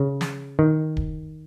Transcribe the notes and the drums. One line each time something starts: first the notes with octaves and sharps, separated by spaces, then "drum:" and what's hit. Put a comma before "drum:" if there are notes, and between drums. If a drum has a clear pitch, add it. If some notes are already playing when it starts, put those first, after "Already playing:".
Already playing: C#3
drum: snare
D#3
drum: kick D1